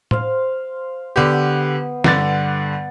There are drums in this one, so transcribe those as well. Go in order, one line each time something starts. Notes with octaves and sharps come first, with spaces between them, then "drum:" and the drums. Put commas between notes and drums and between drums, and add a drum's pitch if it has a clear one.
C5 F5, drum: tom A2
D3 B3 G4
G2 D3 F#5 A6, drum: snare